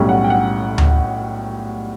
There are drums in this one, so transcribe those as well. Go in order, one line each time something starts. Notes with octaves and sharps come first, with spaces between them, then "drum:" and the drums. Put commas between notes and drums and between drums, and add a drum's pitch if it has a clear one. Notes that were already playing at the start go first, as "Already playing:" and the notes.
Already playing: B1 A2 G3 C#4
F#5
G5
F#5
drum: tom D2